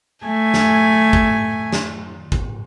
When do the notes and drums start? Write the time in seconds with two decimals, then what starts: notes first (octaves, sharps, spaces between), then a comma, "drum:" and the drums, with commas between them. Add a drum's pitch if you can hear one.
0.24 A3 G#5 G#6
0.54 drum: snare
1.13 drum: kick
1.73 drum: snare
2.32 drum: kick